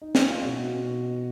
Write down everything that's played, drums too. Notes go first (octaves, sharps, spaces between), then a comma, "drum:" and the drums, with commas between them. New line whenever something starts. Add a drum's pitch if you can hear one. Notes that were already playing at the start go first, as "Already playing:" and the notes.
D#4
E4, drum: snare
F4
B2 F#4
B2